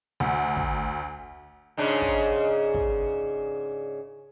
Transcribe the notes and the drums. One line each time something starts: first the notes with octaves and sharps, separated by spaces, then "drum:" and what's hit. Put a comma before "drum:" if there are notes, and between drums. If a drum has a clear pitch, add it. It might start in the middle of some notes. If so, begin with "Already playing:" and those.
D2
drum: kick
G#2 C#3 D4
drum: kick
drum: kick